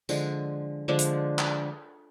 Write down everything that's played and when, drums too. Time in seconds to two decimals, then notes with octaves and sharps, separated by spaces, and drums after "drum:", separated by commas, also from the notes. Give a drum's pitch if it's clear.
0.09 D3 F3 G#3, drum: tambourine
0.88 D3 F3 G#3 D4
0.99 drum: hi-hat
1.39 drum: clap